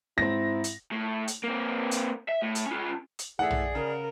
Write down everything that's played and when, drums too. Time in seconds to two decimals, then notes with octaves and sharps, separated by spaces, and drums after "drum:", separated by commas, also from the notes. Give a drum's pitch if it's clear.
0.18 G#2 C4 E4 A#6
0.64 drum: hi-hat
0.91 A2
1.28 drum: hi-hat
1.43 A#3 C4
1.91 drum: hi-hat
2.28 E5
2.42 A2
2.55 drum: hi-hat
2.66 C#4 F4
3.19 drum: hi-hat
3.39 E3 A3 G#4 D5 E5 F#5
3.51 drum: tom
3.75 C#3 A#4